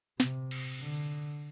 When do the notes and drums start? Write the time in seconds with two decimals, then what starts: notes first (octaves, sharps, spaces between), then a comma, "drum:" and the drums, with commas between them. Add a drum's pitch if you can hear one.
0.20 C3, drum: snare
0.51 drum: cymbal
0.79 D3